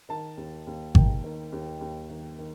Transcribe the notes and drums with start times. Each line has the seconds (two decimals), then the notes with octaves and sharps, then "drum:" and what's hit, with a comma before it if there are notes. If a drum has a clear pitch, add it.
0.09 D#3 A5
0.37 D#2
0.67 D#2
0.95 D#3 G5, drum: kick G#1
1.24 D#3
1.52 D#2
1.81 D#2
2.09 D#3
2.38 D#3